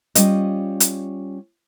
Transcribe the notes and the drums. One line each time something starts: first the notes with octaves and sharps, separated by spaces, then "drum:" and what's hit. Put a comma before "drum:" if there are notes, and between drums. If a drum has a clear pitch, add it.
G3 C#4 F4 D#5, drum: hi-hat
drum: hi-hat